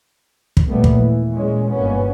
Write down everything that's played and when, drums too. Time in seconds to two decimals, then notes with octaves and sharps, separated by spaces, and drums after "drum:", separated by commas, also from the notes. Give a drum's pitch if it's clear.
0.57 drum: kick
0.67 D#2 A#2 G3 A3 B3
0.84 drum: kick
0.97 E3
1.33 A#2 G#3 C#4
1.70 G1 G#2 B2 A#3 B3 C#4